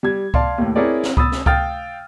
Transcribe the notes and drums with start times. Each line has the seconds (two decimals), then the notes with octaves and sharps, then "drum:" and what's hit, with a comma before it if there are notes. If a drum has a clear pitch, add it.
0.03 G3 G#6
0.34 D5 F5 A5 C6, drum: kick C#2
0.58 D#2 A2
0.76 C4 E4 G#4 A#4 C#5 D5
1.03 drum: snare
1.17 B5 D#6 E6 A6, drum: kick C#2
1.32 drum: snare
1.46 F5 G5 D#6 F6 A6, drum: kick C#2